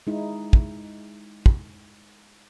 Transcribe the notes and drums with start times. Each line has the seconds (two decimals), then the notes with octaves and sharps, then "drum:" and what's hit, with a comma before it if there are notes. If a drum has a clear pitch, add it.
0.07 G#3 D#4 E4
0.53 drum: kick
1.46 drum: kick